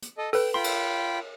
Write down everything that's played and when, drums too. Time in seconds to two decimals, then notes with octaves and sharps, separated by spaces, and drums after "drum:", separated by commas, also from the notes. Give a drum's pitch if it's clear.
0.02 drum: hi-hat
0.18 A4 D#5
0.33 A4 B4 G5, drum: open hi-hat
0.54 F4 G5 B5 C6
0.64 drum: cymbal